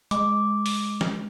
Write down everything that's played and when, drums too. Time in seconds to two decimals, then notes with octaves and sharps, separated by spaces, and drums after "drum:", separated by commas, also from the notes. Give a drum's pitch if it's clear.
0.11 G#3 D6, drum: hi-hat
0.66 drum: open hi-hat
1.01 drum: snare